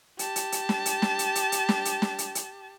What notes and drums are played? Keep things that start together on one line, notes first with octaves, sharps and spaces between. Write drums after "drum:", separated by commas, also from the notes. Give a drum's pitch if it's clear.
G4 A5, drum: hi-hat
drum: hi-hat
drum: hi-hat
drum: snare
drum: hi-hat
drum: snare
drum: hi-hat
drum: hi-hat
drum: hi-hat
drum: snare
drum: hi-hat
drum: snare
drum: hi-hat
drum: hi-hat